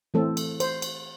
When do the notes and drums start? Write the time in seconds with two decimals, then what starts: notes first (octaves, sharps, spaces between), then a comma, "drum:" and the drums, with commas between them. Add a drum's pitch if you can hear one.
0.14 E3 A3 C4 A4
0.37 drum: cymbal
0.60 C5, drum: cymbal
0.82 drum: cymbal